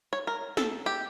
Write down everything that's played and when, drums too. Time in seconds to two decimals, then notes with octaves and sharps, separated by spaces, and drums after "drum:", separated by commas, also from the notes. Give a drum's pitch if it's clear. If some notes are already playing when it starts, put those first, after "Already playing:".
0.13 C#5
0.27 A#4
0.57 A4, drum: snare
0.86 G4